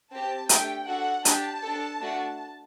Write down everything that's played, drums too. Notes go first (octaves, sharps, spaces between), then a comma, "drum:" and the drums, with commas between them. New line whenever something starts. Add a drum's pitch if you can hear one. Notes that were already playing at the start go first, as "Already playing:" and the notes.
C4 G4 A5
A3 D4 G4 G5, drum: hi-hat
D4 F#4 A4 F#5
D4 G4 A5, drum: hi-hat
D4 A4
A3 D4 F#4